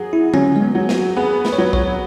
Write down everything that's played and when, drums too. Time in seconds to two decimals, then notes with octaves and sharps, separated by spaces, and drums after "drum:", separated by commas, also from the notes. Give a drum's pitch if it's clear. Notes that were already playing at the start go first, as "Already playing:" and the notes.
Already playing: F#3 G#4
0.13 E4
0.34 F#3 C#4, drum: tom D3
0.56 G#3
0.62 B3
0.75 F#3
0.89 F#4, drum: snare
1.17 B3 G#4
1.45 B4, drum: snare
1.53 C#5
1.58 F#3 B4
1.73 C#5, drum: kick A#1